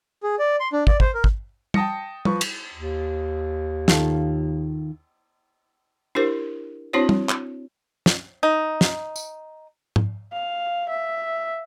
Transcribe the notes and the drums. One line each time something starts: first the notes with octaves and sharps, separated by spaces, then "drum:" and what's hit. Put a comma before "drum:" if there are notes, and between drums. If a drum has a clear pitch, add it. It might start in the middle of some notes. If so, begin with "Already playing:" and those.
G#4
D5
C6
D4
D5, drum: kick
C5, drum: kick
A#4
drum: kick
G5 A5 D#6 A#6 C#7, drum: tom
F3 B4 C#6, drum: tom
drum: cymbal
D#2
D#3 F4 A4, drum: snare
D4 E4 G4 A#4 C5
C4 D4 E4 F#4 C5 C#5
drum: tom
drum: clap
drum: snare
D#4
drum: snare
drum: tambourine
drum: tom G#2
F5
E5